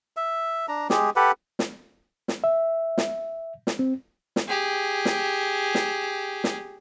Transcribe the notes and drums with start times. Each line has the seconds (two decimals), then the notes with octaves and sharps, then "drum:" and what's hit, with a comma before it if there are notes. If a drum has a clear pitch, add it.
0.17 E5
0.68 D4 A#5
0.90 G#3 G4 G#4, drum: snare
1.16 G4 A4 B4 F#5
1.59 drum: snare
2.28 drum: snare
2.44 E5
2.98 drum: snare
3.67 drum: snare
3.79 C4
4.36 drum: snare
4.48 G4 G#4
5.05 drum: snare
5.75 drum: snare
6.44 drum: snare